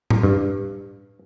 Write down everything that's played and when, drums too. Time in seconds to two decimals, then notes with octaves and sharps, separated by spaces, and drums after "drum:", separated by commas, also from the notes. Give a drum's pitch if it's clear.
0.10 drum: tom A2
0.23 G2